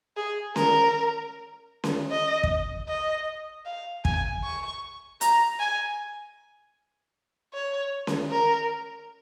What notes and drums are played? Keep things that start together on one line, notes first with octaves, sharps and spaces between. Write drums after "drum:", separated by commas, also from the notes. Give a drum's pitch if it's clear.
G#4
A#4, drum: snare C#4
drum: snare C#4
D#5
drum: kick
D#5
F5
G#5, drum: kick
C#6
A#5, drum: hi-hat
G#5
C#5
drum: snare C#4
A#4